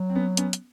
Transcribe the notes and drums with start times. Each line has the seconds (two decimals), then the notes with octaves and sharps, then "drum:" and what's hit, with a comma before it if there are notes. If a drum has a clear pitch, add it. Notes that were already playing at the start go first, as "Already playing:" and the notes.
Already playing: F#3
0.10 C4
0.15 B3 C#4
0.37 B3 C#4, drum: hi-hat
0.53 drum: hi-hat